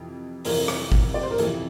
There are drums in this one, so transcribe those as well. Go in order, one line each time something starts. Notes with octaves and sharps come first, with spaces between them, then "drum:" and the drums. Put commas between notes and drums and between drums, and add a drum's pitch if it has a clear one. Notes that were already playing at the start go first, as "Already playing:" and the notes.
Already playing: F2 C3 E3
F2 C3 E3 A3 A#4, drum: open hi-hat
drum: rim click
drum: kick G1
D5
C5
A#4
F2 C3 E3 A3 A4, drum: hi-hat